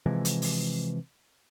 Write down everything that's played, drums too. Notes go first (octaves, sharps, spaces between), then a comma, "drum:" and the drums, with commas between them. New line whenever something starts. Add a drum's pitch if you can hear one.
C3 E3 F3 G#3
drum: hi-hat
drum: open hi-hat